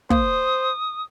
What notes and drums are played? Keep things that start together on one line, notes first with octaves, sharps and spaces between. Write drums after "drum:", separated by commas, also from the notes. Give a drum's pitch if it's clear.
A#3 C5 D#6, drum: kick